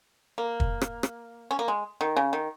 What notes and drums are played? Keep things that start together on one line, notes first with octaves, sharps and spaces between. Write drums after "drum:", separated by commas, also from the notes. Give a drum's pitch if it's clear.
A#3
drum: kick
drum: rim click
drum: rim click
C#4
A#3
G#3
D#3
C#3
D#3